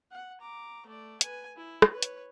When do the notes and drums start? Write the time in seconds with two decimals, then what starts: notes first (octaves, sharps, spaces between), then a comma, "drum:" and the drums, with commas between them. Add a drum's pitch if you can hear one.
0.11 F#5
0.41 A#5 D6
0.86 A3 D5
1.21 B4 G#5, drum: hi-hat
1.57 E4
1.82 drum: rim click
1.92 B4 C#5
2.02 drum: hi-hat